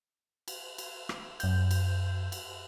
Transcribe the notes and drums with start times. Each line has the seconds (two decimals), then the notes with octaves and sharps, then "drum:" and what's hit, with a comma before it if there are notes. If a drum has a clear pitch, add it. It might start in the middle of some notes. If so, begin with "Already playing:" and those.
0.48 drum: cymbal
0.78 drum: cymbal
1.09 drum: rim click
1.40 F#2 G6, drum: cymbal
1.71 drum: cymbal
2.32 drum: cymbal